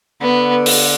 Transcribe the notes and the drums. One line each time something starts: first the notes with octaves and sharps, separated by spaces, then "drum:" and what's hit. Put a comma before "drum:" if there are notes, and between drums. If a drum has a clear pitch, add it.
D3 B3
drum: open hi-hat